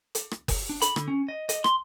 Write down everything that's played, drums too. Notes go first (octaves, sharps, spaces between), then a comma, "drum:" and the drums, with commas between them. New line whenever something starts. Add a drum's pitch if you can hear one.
drum: hi-hat
drum: rim click
drum: kick F#1, open hi-hat
D4
B5, drum: hi-hat
D3, drum: rim click
C#4
D#5
D#5, drum: hi-hat
C6, drum: rim click